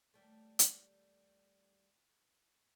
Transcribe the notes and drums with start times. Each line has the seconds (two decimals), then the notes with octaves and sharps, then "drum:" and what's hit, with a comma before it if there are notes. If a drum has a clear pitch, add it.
0.14 D#2 G3 A3
0.59 drum: hi-hat